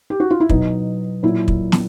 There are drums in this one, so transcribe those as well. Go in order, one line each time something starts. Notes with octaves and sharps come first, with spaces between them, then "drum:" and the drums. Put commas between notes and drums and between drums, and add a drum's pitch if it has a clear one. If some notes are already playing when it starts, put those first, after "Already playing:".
G4
F#4
F4
E4
B2 F#3 D#4, drum: kick
A#2 F#3 E4
drum: kick
drum: snare